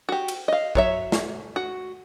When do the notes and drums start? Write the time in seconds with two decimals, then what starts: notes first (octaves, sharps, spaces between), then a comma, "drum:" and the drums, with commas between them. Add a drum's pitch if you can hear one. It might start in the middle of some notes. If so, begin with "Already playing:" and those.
0.09 F#4 G4
0.28 drum: cymbal
0.48 D#5 F5
0.75 F#3 C#5 E5, drum: kick
1.12 drum: snare
1.56 F#4